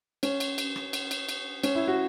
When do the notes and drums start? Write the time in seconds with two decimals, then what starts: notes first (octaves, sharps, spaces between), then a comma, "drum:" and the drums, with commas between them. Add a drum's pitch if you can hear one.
0.23 C#4, drum: cymbal
0.40 drum: cymbal
0.58 drum: cymbal
0.76 drum: rim click
0.93 drum: cymbal
1.11 drum: cymbal
1.29 drum: cymbal
1.63 C#4, drum: cymbal
1.75 E4
1.88 F#4